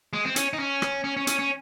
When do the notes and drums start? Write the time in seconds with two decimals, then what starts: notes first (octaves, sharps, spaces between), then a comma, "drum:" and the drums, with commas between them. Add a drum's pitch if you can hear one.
0.13 G#3
0.25 C4
0.36 C#4, drum: hi-hat
0.53 D#4
0.59 C#4
0.82 drum: rim click
1.04 C#4
1.17 C#4
1.27 C#4, drum: hi-hat
1.39 C#4